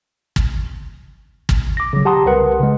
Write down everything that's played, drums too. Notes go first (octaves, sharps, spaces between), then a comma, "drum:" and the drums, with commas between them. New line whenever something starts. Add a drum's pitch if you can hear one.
drum: kick
drum: kick
D6 A#6
C#3 F#3
G4 F#5 A5 A#5 C6 D#6
C2 A#4 B4 F#5
C#3 G#3